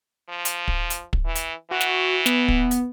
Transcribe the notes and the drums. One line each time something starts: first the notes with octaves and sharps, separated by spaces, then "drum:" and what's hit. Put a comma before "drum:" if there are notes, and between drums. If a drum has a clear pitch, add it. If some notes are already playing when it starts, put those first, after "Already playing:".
F3
drum: hi-hat
drum: kick
drum: hi-hat
drum: kick
E3
drum: hi-hat
E3 F#4
drum: snare
B3, drum: snare
drum: kick
drum: hi-hat